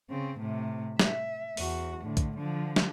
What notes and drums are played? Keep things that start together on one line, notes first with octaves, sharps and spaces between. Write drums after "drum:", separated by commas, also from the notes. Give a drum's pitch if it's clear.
C#3 C4
A2 C3
E5, drum: snare
E2 F#4, drum: open hi-hat
A2 D3
drum: kick B1, hi-hat
D3 F3
drum: snare